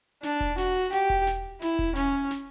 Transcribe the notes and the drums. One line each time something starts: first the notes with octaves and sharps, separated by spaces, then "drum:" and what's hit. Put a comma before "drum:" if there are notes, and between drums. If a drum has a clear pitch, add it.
D4, drum: snare
drum: kick E1
F#4, drum: snare
G4, drum: snare
drum: kick E1
drum: snare
E4, drum: snare
drum: kick E1
C#4, drum: snare
drum: snare